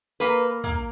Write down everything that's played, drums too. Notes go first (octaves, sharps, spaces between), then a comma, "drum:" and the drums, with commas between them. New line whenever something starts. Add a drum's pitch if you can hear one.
A#3 B4
A#3, drum: tom